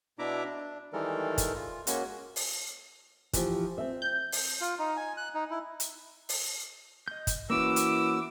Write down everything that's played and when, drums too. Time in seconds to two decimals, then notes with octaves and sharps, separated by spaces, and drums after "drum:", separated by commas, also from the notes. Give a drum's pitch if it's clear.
0.19 B2 D4 E4 E5 A#5 D6
0.44 D4
0.93 D#3 E3 G3 G#3 A4 A#4
1.38 drum: kick, hi-hat
1.55 F4
1.87 G#3 A#3 C#4 F#4, drum: hi-hat
2.36 drum: open hi-hat
3.33 E3 F3 G4, drum: kick, hi-hat
3.78 C4 E5
4.02 G6
4.32 drum: open hi-hat
4.61 F4
4.79 D#4
4.97 G#5
5.17 F#6
5.35 D#4
5.50 E4
5.80 drum: hi-hat
6.29 drum: open hi-hat
7.08 D#5 G6
7.27 drum: kick, hi-hat
7.50 E3 A#3 C#4 F#4 D6 E6
7.76 drum: hi-hat